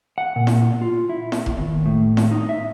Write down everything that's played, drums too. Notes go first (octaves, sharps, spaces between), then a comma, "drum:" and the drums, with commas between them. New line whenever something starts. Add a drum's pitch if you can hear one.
F#5
A#2
drum: snare E4
F4
E4
drum: snare E4
drum: kick F1
D#2
A2
drum: snare E4
D#4
E5